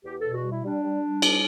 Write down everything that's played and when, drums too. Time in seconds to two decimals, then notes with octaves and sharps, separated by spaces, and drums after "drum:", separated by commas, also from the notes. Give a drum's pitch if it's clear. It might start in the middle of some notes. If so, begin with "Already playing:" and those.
0.04 E2 G4
0.19 B2 A4
0.34 F#4
0.44 G3
0.49 E4
0.63 G3 D4
0.83 G3
1.02 G3
1.22 B2, drum: cymbal